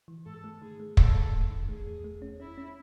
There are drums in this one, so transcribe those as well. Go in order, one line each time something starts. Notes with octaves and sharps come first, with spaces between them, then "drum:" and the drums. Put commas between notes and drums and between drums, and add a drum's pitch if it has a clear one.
E3
G#2 A4
A3
D#3 G#4
A3
D#3 A4, drum: kick
A3
G#2
D#3
A3 G#4
E2
A3
C#4
C#4 E4
C#4